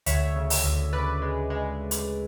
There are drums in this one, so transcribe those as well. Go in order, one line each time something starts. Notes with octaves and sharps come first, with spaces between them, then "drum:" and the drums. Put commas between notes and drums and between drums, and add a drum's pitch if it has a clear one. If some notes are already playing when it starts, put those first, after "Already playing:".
D2 C#5 E5, drum: hi-hat
C#3
drum: open hi-hat
D2
C#3 B4 D5
G#3
G#3
drum: hi-hat